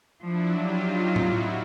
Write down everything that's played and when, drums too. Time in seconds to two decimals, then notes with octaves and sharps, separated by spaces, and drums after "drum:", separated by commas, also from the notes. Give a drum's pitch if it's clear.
0.21 F3 D4 E4
0.53 F#3 F4 G4
0.84 D#4 F4
1.16 E4 F#4, drum: tom A2